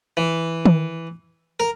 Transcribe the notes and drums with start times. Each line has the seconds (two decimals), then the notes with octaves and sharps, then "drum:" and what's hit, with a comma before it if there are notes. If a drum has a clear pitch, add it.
0.17 E3
0.65 drum: tom D#3
1.60 A#4